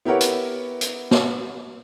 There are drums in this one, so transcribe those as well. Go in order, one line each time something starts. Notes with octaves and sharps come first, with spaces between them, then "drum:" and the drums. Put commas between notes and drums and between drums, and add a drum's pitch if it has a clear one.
B3 E4 G4 A#4 C#5 F#5
drum: hi-hat
drum: hi-hat
drum: snare